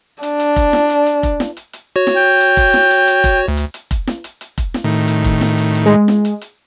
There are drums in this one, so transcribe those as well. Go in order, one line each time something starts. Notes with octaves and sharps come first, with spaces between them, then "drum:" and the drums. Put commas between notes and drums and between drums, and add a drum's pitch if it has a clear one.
D4, drum: hi-hat
drum: hi-hat
drum: kick F1, hi-hat
drum: snare
drum: hi-hat
drum: hi-hat
drum: kick F1, hi-hat
drum: snare
drum: hi-hat
drum: hi-hat
F#4 C#5
drum: snare
G5
drum: hi-hat
drum: kick F1, hi-hat
drum: snare
drum: hi-hat
drum: hi-hat
drum: kick F1, hi-hat
D2
drum: hi-hat
drum: hi-hat
drum: kick F1, hi-hat
drum: snare
drum: hi-hat
drum: hi-hat
drum: kick F1, hi-hat
drum: snare
A2 D#3
drum: hi-hat
drum: kick F1, hi-hat
drum: snare
drum: hi-hat
drum: hi-hat
G#3
drum: snare
drum: hi-hat
drum: hi-hat